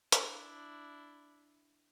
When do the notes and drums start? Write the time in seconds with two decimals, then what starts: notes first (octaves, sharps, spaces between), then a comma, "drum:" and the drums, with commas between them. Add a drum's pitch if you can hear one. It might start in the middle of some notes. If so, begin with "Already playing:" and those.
0.12 D4 E4, drum: hi-hat